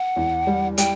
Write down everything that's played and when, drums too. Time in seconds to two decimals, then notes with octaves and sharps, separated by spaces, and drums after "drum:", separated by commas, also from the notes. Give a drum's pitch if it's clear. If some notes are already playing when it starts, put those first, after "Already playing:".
Already playing: F#5
0.16 E2
0.47 G3
0.78 G3 G5, drum: hi-hat